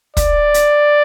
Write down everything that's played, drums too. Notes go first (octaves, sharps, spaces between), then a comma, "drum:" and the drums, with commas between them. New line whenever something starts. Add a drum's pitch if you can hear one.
D5, drum: kick, hi-hat
drum: hi-hat